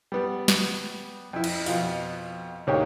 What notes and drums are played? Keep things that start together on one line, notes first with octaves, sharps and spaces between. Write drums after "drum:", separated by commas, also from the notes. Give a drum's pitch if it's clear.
G3 B3
drum: snare
F2 E4
drum: cymbal
F2 B2 F4, drum: open hi-hat
D2 G#2 A#3 C#4 G4 C#5